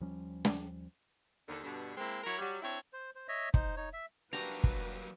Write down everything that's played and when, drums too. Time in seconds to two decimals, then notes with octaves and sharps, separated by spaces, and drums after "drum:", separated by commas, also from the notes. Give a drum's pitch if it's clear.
0.01 D#2 F3 G3 C#4
0.45 drum: snare
1.47 D#2 D3
1.63 G2 B2 D3
1.97 G#3 A#3 C4 E4
2.24 F#3 E4 A#4 C#5
2.39 F#3 G3
2.63 C4 D4 E4 C#5
2.93 C5
3.15 C5
3.28 C#5 D#5 E5
3.54 D#4 C5, drum: kick
3.77 D#4 C#5
3.93 E5
4.33 F#3 G3 A#3 D4 F#4 G4 B4 A#5
4.64 drum: kick